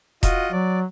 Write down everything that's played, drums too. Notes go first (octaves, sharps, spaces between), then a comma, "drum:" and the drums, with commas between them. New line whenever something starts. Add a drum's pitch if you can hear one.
F4 F#4 D#5, drum: kick E1, hi-hat
F#3 D5